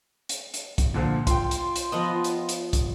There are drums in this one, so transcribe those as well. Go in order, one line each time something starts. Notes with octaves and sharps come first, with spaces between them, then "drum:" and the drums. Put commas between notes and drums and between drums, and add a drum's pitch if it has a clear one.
drum: hi-hat
drum: hi-hat
drum: kick, hi-hat
A#2 D3 F3
F4 G5 C6, drum: kick, hi-hat
drum: hi-hat
drum: hi-hat
F3 B3 D#5
drum: hi-hat
drum: hi-hat
drum: kick, hi-hat